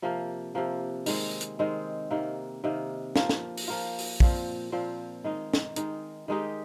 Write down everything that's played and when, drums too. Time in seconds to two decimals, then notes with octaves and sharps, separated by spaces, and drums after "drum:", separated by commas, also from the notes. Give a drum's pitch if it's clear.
0.02 C3 F3 A#3
0.55 C3 F3 A#3
1.06 D#3 G#3 C4, drum: open hi-hat
1.41 drum: hi-hat
1.59 D#3 G#3 C4
2.11 C3 D#3 A#3
2.64 C3 D#3 A#3
3.16 F3 A#3 F4, drum: snare
3.29 drum: snare
3.57 drum: open hi-hat
3.68 F3 A#3 F4
3.99 drum: open hi-hat
4.20 A#2 F3 C4, drum: kick
4.72 A#2 F3 C4
5.24 D#3 G#3 D#4
5.54 drum: snare
5.76 D#3 G#3 D#4, drum: hi-hat
6.28 D#3 G#3 D#4 G4